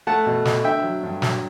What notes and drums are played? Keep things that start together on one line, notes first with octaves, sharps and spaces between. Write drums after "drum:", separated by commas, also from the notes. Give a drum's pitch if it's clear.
A3 F#5 A5
B2
B2, drum: snare
D3 E5 G5
F#3
G2
F#3, drum: snare